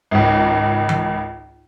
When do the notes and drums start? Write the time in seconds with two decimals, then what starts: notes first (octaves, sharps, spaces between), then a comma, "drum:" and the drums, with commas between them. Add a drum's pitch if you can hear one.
0.11 G#1 C#2
0.89 drum: tom E3